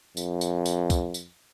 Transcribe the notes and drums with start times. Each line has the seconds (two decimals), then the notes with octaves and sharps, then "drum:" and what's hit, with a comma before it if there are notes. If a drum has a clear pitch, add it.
0.17 F2, drum: tambourine
0.41 drum: tambourine
0.66 drum: tambourine
0.90 drum: kick, tambourine
1.14 drum: tambourine